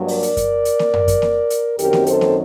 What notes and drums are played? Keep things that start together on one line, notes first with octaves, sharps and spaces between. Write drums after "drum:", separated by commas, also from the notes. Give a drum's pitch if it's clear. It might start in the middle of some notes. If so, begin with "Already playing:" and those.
Already playing: G2 F#3 A#3 D4
A#4 D5, drum: open hi-hat
drum: hi-hat
drum: kick F#2, hi-hat
drum: hi-hat
drum: snare A#3
drum: tom F#2
drum: kick F#2, hi-hat
drum: snare A#3
drum: hi-hat
F#2 D#3 F#3 C4 G4 A#4, drum: hi-hat
drum: snare A#3
A4 C5, drum: hi-hat
drum: snare A#3